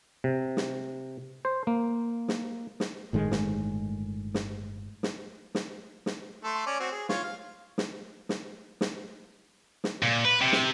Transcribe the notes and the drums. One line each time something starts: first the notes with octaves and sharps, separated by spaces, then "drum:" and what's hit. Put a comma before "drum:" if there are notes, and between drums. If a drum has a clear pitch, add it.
C3
drum: snare
C5
A#3
drum: snare
drum: snare
G1 A2 D#3 G#3
drum: snare
drum: snare
drum: snare
drum: snare
drum: snare
A3 A4 C6
C#4 D5
C4 F#4
G#4
F4 C#5, drum: snare
F5
drum: snare
drum: snare
drum: snare
drum: snare
A#2
B4
C3
drum: snare